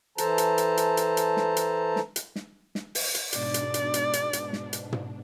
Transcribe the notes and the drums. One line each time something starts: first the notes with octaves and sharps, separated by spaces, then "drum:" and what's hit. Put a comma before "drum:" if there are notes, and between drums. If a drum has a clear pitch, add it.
E3 A4 C5 A5 A#5, drum: hi-hat
drum: hi-hat
drum: hi-hat
drum: hi-hat
drum: hi-hat
drum: hi-hat
drum: snare
drum: hi-hat
drum: snare
drum: hi-hat
drum: snare
drum: snare
drum: open hi-hat
drum: hi-hat
G#2 B2 D4 D5, drum: hi-hat
drum: hi-hat
drum: hi-hat
drum: hi-hat
drum: hi-hat
drum: hi-hat
drum: snare
drum: hi-hat
drum: tom